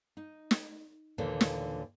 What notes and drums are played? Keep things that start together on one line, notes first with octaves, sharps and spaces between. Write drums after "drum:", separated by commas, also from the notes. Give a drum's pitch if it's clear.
D#4
drum: snare
D#2 A#2 D3 E3
drum: snare